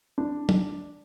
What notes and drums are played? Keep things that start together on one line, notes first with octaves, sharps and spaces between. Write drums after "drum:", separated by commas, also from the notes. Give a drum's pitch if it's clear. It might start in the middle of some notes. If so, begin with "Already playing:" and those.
D4
drum: tom